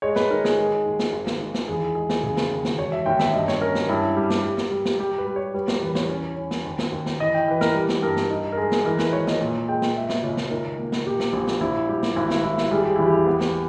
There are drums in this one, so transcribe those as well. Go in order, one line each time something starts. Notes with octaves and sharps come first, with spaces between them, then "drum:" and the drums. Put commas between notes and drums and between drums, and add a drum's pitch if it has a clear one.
G#3 C#5
B4, drum: snare
D#3 A#4
G#4, drum: snare
G#3
D#2
drum: snare
G#1
drum: snare
D#3
drum: snare
E2 G#4
G#3 G#4
drum: snare
C#3 G#4
drum: snare
D#2
drum: snare
E1 C#5
E5
D#2 G5
E5, drum: snare
G2 D#5
C#5, drum: snare
C#4 A#4
drum: snare
G2 E4
G3 G4
drum: snare
G3
drum: snare
G3
drum: snare
G3 G4
B4
G3
C#5
G3 B4
A#4, drum: snare
E2 B4
C#5, drum: snare
C#4
C#4
drum: snare
D#2
drum: snare
D#2
drum: snare
E3 D#5
G5
E3 B4
A#4, drum: snare
G3
drum: snare
G2 A#4
drum: snare
D#4
A#4
G#3 G#4
drum: snare
E3 A#4
B4, drum: snare
G#1 C#5
D#5, drum: snare
A#2
G#3 G5
drum: snare
G#3 E5
drum: snare
C#2 C#5
drum: snare
D#3 A#4
A#3
drum: snare
A#2 G4
drum: snare
A#1
drum: snare
A#1 E4
G3 G4
drum: snare
G#1 E4
drum: snare
G#1 E4
drum: snare
G3 G#4
G4
E2 E4
G4
B3
drum: snare